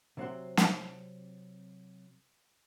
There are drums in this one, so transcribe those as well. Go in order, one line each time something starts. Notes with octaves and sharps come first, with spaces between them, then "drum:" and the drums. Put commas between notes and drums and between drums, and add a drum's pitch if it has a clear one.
C3 F#3 C4 B4 F#5 C6
drum: snare